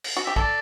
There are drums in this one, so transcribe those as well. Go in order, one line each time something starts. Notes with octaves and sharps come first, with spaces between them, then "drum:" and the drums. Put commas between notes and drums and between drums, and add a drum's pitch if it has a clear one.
drum: cymbal
F#4
G4 E5
A4 D5, drum: kick